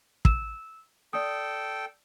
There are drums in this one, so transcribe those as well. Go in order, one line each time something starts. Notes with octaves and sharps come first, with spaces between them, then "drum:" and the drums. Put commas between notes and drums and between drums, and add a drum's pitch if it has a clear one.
E6 E7, drum: kick
A4 D5 G5 D#6